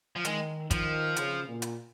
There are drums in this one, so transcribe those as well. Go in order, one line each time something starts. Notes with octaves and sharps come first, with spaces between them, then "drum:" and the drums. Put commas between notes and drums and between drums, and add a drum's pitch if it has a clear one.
F3
D#3 G#3, drum: hi-hat
D#3 F3, drum: kick, hi-hat
C#3, drum: hi-hat
A#2
drum: hi-hat